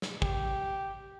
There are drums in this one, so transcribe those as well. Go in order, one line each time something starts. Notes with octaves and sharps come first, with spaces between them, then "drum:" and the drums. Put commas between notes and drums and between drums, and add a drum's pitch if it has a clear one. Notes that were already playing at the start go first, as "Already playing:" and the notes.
drum: snare
G4, drum: kick